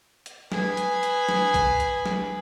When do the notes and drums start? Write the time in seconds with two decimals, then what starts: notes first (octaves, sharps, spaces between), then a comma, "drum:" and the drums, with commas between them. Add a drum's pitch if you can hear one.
0.26 drum: hi-hat
0.52 G#4 B4, drum: snare
0.77 drum: hi-hat
1.03 drum: hi-hat
1.29 drum: snare
1.54 drum: kick B1, hi-hat
1.80 drum: hi-hat
2.06 drum: snare